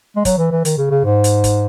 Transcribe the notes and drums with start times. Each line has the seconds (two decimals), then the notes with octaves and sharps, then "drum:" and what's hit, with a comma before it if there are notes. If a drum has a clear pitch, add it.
0.16 G#3
0.25 F#3, drum: kick, hi-hat
0.38 E3
0.52 E3
0.65 D#3, drum: hi-hat
0.78 C#3
0.91 C#3
1.05 G#2
1.24 drum: hi-hat
1.44 drum: kick, hi-hat